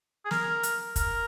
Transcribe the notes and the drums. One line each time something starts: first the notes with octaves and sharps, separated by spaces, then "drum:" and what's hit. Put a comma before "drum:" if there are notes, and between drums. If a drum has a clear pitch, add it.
G#4
A#4, drum: snare
drum: hi-hat
A#4, drum: kick, hi-hat